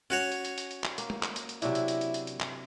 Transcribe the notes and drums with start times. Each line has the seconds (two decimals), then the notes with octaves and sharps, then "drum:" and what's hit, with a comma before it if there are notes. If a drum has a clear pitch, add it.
0.10 C#4 F#4 C#5 F#5
0.32 drum: hi-hat
0.45 drum: hi-hat
0.58 drum: hi-hat
0.71 drum: hi-hat
0.84 drum: clap
0.98 A#3, drum: hi-hat
1.10 drum: tom G#3
1.23 drum: clap
1.36 drum: hi-hat
1.49 drum: hi-hat
1.62 C3 F#3 D4 E4, drum: hi-hat
1.75 drum: hi-hat
1.88 drum: hi-hat
2.01 drum: hi-hat
2.14 drum: hi-hat
2.27 drum: hi-hat
2.40 drum: clap